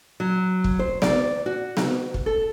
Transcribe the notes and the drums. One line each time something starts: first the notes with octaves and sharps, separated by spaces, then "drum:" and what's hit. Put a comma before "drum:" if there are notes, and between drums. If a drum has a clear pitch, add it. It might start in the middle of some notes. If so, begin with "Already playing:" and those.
F#3
drum: kick
C5
D5, drum: snare B3
F#4
drum: snare B3
drum: kick
A4